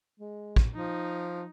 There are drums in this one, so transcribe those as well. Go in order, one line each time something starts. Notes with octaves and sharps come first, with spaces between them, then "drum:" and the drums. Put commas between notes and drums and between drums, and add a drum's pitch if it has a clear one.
G#3
drum: kick
F3 D#4